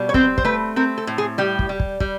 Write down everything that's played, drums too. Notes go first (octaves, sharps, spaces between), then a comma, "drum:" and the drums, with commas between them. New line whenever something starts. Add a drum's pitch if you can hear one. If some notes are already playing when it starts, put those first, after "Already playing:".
Already playing: B2 G3
C#5
C4 C5, drum: kick
C5, drum: kick
A3 B4
C4 A#4
A4
A2
G#4
G3 G4
drum: kick
G3
drum: kick
G3, drum: kick